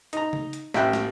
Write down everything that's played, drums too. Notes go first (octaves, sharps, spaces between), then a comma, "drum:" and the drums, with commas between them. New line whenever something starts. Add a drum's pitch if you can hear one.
D#4 A#5, drum: hi-hat
drum: tom C#3
drum: hi-hat
A1 E5 G5 F#6, drum: snare
drum: snare